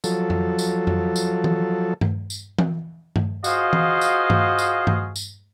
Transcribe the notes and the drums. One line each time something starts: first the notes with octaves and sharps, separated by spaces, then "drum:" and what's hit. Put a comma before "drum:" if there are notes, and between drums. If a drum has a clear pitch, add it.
F3 F#3 A4, drum: tambourine
drum: tom F2
drum: tambourine
drum: tom F2
drum: tambourine
drum: tom E3
drum: tom G2
drum: tambourine
drum: tom E3
drum: tom G2
F4 F#4 G#4 C5 D#5 F5, drum: tambourine
drum: tom E3
drum: tambourine
drum: tom G2
drum: tambourine
drum: tom G2
drum: tambourine